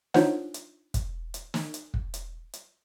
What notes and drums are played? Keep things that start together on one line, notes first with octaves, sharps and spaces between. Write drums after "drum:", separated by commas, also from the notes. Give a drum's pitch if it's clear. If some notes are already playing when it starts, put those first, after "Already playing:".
D4 D#4 F4 C5 C#5 F#5, drum: snare
drum: hi-hat
drum: kick, hi-hat
drum: hi-hat
drum: snare
drum: hi-hat
drum: kick
drum: hi-hat
drum: hi-hat